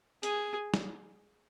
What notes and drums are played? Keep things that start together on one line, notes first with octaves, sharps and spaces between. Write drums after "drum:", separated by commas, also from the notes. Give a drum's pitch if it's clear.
G#4, drum: hi-hat
drum: snare